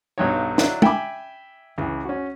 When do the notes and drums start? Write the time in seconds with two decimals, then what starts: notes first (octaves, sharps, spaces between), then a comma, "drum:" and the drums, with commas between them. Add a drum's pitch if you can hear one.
0.18 B1 G2 F#3 D#4 C#5
0.58 F#3 D4 E4 F5, drum: snare
0.82 E5 G5 G#5 B5 D6, drum: tom
1.78 C#2 E3
2.05 C#4 F#4